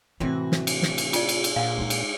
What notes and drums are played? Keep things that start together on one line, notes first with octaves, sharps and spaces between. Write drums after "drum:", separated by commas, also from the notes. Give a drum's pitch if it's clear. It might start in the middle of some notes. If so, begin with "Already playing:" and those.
A2 C3 E3 A3 C4 F#4
drum: snare
drum: cymbal
drum: snare
drum: cymbal
F4 D5, drum: cymbal
drum: cymbal
drum: cymbal
A#2 F5 F#5
G#3 D#4
drum: cymbal